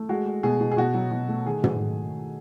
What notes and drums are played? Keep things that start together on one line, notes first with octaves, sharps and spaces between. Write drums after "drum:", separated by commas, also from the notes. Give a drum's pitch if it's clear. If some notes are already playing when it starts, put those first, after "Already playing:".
Already playing: A3
G#3 F#4
G#3
B2 G#4
B2
G#4
B2 F#4
F#3
B2
A3
D#3 G#4
F#3, drum: tom
D#3